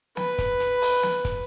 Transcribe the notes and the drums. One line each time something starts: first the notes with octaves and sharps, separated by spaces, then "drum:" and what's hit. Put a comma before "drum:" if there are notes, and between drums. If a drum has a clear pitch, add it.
B4, drum: snare
drum: kick, hi-hat
drum: hi-hat
drum: open hi-hat
drum: snare
drum: kick, hi-hat